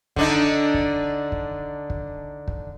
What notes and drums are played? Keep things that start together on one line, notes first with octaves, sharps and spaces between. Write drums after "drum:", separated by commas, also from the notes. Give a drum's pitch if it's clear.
D3 D4 D#4, drum: kick
drum: kick
drum: kick
drum: kick
drum: kick